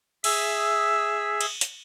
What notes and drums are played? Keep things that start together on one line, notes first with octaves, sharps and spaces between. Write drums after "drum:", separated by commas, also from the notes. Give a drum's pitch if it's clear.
G#4 E5 E6, drum: cymbal
drum: cymbal
drum: hi-hat